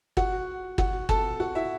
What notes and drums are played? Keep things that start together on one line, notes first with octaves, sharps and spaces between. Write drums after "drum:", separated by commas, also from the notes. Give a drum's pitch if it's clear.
F#4 F#5, drum: kick
F#4 F#5, drum: kick
A4 A5, drum: kick
F#4 F#5
E4 E5